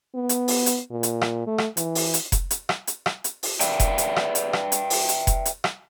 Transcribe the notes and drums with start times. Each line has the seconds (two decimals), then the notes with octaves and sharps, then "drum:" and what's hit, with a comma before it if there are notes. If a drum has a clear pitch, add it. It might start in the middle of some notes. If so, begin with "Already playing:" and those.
0.15 B3
0.29 drum: hi-hat
0.48 drum: open hi-hat
0.66 drum: hi-hat
0.91 A#2
1.03 drum: hi-hat
1.21 drum: rim click
1.47 A3
1.58 drum: rim click
1.77 E3, drum: hi-hat
1.95 drum: open hi-hat
2.14 drum: hi-hat
2.32 drum: kick F1, hi-hat
2.51 drum: hi-hat
2.69 drum: rim click
2.87 drum: hi-hat
3.06 drum: rim click
3.24 drum: hi-hat
3.43 drum: open hi-hat
3.60 B4 D5 E5 G5, drum: hi-hat
3.80 drum: kick F1, hi-hat
3.98 drum: hi-hat
4.16 drum: rim click
4.35 drum: hi-hat
4.53 drum: rim click
4.72 drum: hi-hat
4.90 drum: open hi-hat
5.09 drum: hi-hat
5.27 drum: kick F1, hi-hat
5.45 drum: hi-hat
5.64 drum: rim click